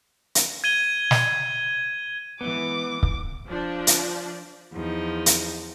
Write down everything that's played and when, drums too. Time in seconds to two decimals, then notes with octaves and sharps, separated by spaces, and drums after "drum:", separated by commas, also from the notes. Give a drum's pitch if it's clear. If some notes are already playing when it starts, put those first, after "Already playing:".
0.35 drum: hi-hat
0.64 G#6 D#7 G7
1.11 drum: snare
2.41 E3 G#3 B3 D6
3.03 drum: kick C#1
3.47 F3 D4
3.87 drum: hi-hat
4.73 E2 F3 D#4
5.26 drum: hi-hat